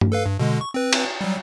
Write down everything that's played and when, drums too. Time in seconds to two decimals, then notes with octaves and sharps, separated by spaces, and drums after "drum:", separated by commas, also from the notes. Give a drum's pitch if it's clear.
0.01 drum: tom G2
0.12 A4 B4 F5
0.26 G2
0.40 B2 D3 G#3
0.61 C#6
0.74 C4 B4
0.93 drum: cymbal
1.21 F#3 G3